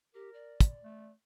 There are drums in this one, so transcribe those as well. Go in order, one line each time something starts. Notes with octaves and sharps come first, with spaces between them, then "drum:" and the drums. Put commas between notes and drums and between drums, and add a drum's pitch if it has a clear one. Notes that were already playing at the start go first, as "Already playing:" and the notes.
G4 A#4
D5
drum: kick, hi-hat
A3